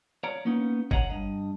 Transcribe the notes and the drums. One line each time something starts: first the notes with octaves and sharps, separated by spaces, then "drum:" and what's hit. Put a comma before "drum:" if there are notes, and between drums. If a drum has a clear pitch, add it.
C#5 D5 F5 A#5
A#3 B3 C#4 D#4
C#5 D#5 F5 F#5 G#5 A#5, drum: kick G1
G2 D#5